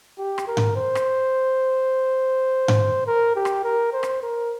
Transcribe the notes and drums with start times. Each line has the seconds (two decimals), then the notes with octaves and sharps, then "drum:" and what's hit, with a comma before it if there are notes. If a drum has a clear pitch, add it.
0.19 G4
0.38 drum: rim click
0.47 A#4
0.57 drum: tom G#2
0.76 C5
0.95 drum: rim click
2.68 drum: tom G#2
3.07 A#4
3.36 G4
3.45 drum: rim click
3.64 A#4
3.93 C5
4.03 drum: rim click
4.22 A#4